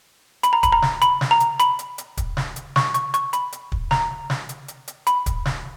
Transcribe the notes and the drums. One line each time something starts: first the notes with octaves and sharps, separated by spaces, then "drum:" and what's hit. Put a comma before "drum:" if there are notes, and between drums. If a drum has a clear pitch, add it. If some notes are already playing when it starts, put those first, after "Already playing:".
B5, drum: hi-hat
A#5
B5, drum: kick, hi-hat
A#5
drum: snare
B5, drum: hi-hat
drum: snare
A#5
drum: hi-hat
B5, drum: hi-hat
drum: hi-hat
drum: hi-hat
drum: kick, hi-hat
drum: snare
drum: hi-hat
C#6, drum: snare
C#6, drum: hi-hat
C#6, drum: hi-hat
B5, drum: hi-hat
drum: hi-hat
drum: kick
A#5, drum: snare
drum: snare
drum: hi-hat
drum: hi-hat
drum: hi-hat
B5, drum: hi-hat
drum: kick, hi-hat
drum: snare